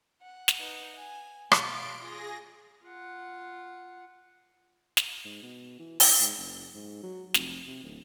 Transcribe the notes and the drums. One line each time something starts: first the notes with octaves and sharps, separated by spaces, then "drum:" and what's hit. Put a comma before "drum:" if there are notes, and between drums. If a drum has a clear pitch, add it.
F#5
drum: snare
D#4 B4 D#5
G#5
B2 F5 C6 A6 D7, drum: rim click
F4 G#4 A#6
F4 F#5
drum: snare
G#2
B2
E3
E3, drum: open hi-hat
G#2
F#1
G#2
F#3
F1, drum: snare
C3
D1